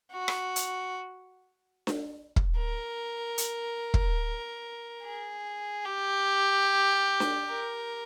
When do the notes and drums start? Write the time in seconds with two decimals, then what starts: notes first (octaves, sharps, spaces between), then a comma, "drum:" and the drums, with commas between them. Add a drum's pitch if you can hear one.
0.12 F#4
0.28 drum: rim click
0.56 drum: hi-hat
1.87 drum: snare D4
2.36 drum: kick
2.58 A#4
3.38 drum: hi-hat
3.94 drum: kick
5.03 G#4
5.86 G4
7.20 drum: snare D4
7.50 A#4